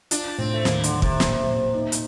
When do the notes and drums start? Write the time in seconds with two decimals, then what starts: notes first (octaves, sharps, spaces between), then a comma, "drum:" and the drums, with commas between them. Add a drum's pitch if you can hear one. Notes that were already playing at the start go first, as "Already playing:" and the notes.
0.11 D4 F4, drum: hi-hat
0.38 A2 C4
0.54 A3
0.65 D#2 A#3, drum: snare
0.84 D3, drum: hi-hat
0.92 D#2
1.02 C3, drum: kick
1.20 A#2, drum: snare
1.47 A#2
1.75 D#4
1.92 drum: hi-hat